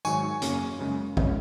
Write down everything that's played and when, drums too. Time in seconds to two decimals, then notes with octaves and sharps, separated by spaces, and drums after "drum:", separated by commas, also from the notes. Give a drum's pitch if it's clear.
0.05 G#2 D#3 F#3 G#5 C#6, drum: tambourine
0.42 F#2 C#3 A#3 C#4, drum: hi-hat
0.79 F#2 C#3 G#3
1.17 G#3 C#4, drum: kick